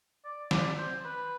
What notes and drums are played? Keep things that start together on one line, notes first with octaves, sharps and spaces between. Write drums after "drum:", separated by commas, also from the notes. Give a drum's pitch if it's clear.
D5
D5, drum: snare
C5
B4